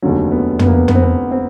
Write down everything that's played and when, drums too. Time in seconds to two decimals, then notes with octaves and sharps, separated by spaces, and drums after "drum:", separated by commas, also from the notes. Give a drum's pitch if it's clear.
0.02 F1 D#2 D3 F#3
0.31 B3
0.59 B3, drum: tom
0.67 A#3
0.74 B3
0.88 B3, drum: tom
0.95 C4
1.03 B3
1.31 C4